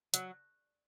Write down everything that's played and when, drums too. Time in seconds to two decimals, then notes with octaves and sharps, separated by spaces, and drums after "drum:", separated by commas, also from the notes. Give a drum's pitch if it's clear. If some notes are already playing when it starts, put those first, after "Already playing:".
0.14 F#3, drum: hi-hat